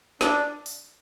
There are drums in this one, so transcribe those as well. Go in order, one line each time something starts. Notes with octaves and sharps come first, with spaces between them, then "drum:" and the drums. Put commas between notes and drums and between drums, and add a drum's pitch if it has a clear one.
D4, drum: snare
drum: open hi-hat